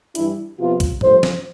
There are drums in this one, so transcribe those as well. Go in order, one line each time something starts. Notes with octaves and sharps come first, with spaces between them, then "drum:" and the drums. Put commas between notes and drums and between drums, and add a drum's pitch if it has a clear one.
G2 E3 G3 D4 E4, drum: hi-hat
C3 F3 B3 F4
drum: kick B1, hi-hat
G2 F3 A3 C5, drum: tom G#2
drum: snare